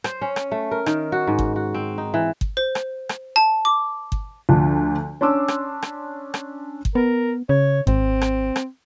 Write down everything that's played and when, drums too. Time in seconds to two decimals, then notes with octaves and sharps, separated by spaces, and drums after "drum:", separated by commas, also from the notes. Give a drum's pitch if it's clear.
0.04 C5, drum: rim click
0.21 C#4
0.36 drum: rim click
0.51 A3
0.71 A#4
0.86 D#3, drum: rim click
1.12 F#4
1.27 G#2
1.39 drum: kick G1
1.56 F#4
1.74 C4
1.98 D#4
2.14 E3
2.41 drum: kick G1
2.57 C5
2.75 drum: rim click
3.09 drum: rim click
3.36 A5
3.65 D6
4.12 drum: kick G1
4.49 D2 F3 D4
5.21 C#4 D4 C6 D6 E6
5.48 drum: rim click
5.83 drum: rim click
6.34 drum: rim click
6.85 drum: kick G1
6.95 B3 A#4
7.49 C#3 C#5
7.87 G#1 C4, drum: kick G1
8.22 drum: rim click
8.56 drum: rim click